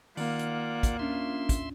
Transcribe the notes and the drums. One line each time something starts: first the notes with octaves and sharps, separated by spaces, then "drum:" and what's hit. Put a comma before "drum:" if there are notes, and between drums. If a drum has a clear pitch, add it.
D#3 A#3 F4 D5 F#5, drum: open hi-hat
drum: hi-hat
drum: kick, hi-hat
C#4 D4 F4 E5 C6
drum: kick, hi-hat